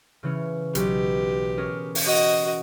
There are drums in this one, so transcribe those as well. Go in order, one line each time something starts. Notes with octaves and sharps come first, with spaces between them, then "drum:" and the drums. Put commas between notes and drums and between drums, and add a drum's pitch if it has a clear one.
C#3 E3 C#4
B1 G4, drum: hi-hat
C#4 G#4 A#4
drum: open hi-hat
F#4 D#5